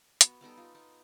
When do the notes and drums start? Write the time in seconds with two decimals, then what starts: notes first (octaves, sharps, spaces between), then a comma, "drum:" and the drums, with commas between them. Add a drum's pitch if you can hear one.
0.21 B3 F#4, drum: hi-hat
0.41 G3 B3 D#4 A4
0.57 F4
0.75 D#4